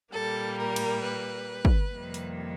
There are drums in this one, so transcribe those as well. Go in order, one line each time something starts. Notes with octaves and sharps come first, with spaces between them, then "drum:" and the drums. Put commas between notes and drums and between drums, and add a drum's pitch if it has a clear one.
A#2 G3 A#3 A4
A#4
drum: cymbal
B4
drum: kick
F2 C3 D#3 G3 A#3
drum: hi-hat